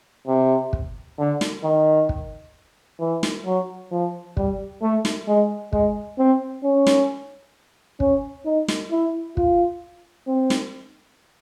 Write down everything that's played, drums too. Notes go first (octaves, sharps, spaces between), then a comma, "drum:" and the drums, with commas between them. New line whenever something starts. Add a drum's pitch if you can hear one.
C3
drum: kick
D3
drum: snare
D#3
drum: kick
E3
drum: snare
F#3
F3
G3, drum: kick
A3
drum: snare
G#3
G#3, drum: kick
C4
C#4
drum: snare
C#4, drum: kick
D#4
drum: snare
E4
F4, drum: kick
C4
drum: snare